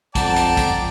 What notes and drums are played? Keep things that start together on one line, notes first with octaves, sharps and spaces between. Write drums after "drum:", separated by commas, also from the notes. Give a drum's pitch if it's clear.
F2 D5 F#5 G5 A5 A#5, drum: kick A#1, hi-hat
drum: hi-hat
drum: kick A#1, hi-hat